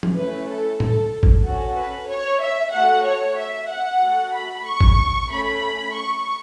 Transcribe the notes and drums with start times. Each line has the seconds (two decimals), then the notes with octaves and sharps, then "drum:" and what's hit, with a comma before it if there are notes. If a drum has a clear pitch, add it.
0.03 drum: tom
0.15 A3 C#4 E4 B4
0.48 A4
0.80 A4, drum: tom
1.23 drum: kick G#1
1.44 C#4 F#4 A4
1.76 B4
2.09 C#5
2.41 E5
2.73 A3 F#4 A4 F#5
3.05 C#5
3.38 E5
3.69 F#5
4.01 A3 F#4 A4
4.34 B5
4.66 C#6
4.81 drum: kick G#1
5.30 A3 C#4 A4 B5
5.95 C#6